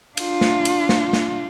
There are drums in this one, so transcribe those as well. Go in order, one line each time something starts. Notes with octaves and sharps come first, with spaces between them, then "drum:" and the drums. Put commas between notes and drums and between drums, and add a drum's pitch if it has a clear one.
D4 F4, drum: cymbal
drum: snare
drum: cymbal
drum: snare
drum: snare